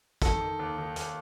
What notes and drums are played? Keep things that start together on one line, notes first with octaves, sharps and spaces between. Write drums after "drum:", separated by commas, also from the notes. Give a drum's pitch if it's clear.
D#3 A4, drum: kick, hi-hat
D#3
D#2
D#3
D#2, drum: hi-hat